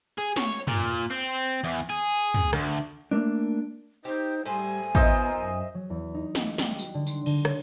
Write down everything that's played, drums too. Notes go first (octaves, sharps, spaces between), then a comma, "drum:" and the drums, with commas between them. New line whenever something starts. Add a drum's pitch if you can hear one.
G#4
C#5, drum: snare
A#2, drum: tom
C4
E2
G#4
drum: tom
D2, drum: rim click
A3 A#3 D4
D#4 G4 C5
A2 G3 C5 G#5
B3 D#4 F4 A#4 C5 D#5 E5, drum: kick A1
F#2
F#3
E2
D#4
D#5, drum: snare
G3, drum: snare
F#4, drum: tambourine
D3
C6, drum: tambourine
D3, drum: cymbal
C#5, drum: rim click